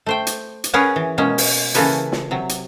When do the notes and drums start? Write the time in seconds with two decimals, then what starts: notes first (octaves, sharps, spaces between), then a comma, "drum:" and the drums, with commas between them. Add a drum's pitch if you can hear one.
0.06 A3 C5 G5
0.27 drum: hi-hat
0.64 drum: hi-hat
0.73 C#4 G#4 A#4 B4 C#5 F#5
0.96 E3
1.18 B2 G#3 A#3 C#4
1.38 drum: open hi-hat
1.74 C#3 E3 A#3 A4 B4 C#5, drum: hi-hat
2.12 drum: snare
2.31 C3 F#3
2.49 drum: hi-hat